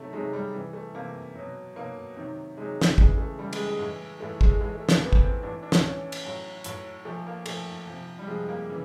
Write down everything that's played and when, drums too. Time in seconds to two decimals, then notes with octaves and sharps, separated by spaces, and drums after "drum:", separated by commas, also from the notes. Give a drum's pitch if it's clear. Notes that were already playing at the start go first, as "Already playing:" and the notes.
Already playing: C3 D#3 F#3 A3
0.13 C3 D#3 F#3 G#3
0.33 G3
0.54 C3 E3
0.73 A3
0.95 C3 E3 A#3
1.35 B2 F#3
1.76 B2 F#3 A#3
2.16 C3 D#3 F#3
2.57 C3 D#3 F#3 G#3
2.81 drum: snare
2.98 C#3 E3 G#3, drum: kick
3.18 A3
3.39 C#3 E3 G3
3.53 G#3, drum: cymbal
3.66 G#3
3.79 A2 E3
4.20 A2 E3 A3
4.41 G#3, drum: kick
4.61 A2 E3 G#3
4.75 A3
4.89 A#3, drum: snare
5.01 A2 E3 B3
5.13 drum: kick
5.22 C4
5.42 A2 E3 D4
5.63 D4
5.72 drum: snare
5.83 A2 E3 C#4
6.12 drum: cymbal
6.25 A2 F#3
6.64 A2 F#3, drum: hi-hat
7.05 A#2 F3 A3
7.26 A#3
7.46 A#2 F3 A3, drum: cymbal
7.87 C3 F3
8.19 G3
8.27 C3 F3 G#3
8.49 A#3
8.69 C#3 E3